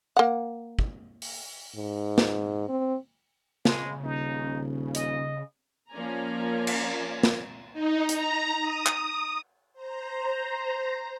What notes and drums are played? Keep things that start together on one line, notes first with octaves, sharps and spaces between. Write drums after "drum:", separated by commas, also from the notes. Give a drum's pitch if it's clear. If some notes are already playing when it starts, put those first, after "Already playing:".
A#3 F#5
drum: kick
drum: open hi-hat
G#2
drum: snare
C4
C#3 G#3, drum: snare
D#1 D#4
D#5, drum: hi-hat
F3 A#3 C#4 D5 G#5 A#5
drum: cymbal
drum: snare
D#4
A#5, drum: hi-hat
D#6
drum: clap
C5 A#5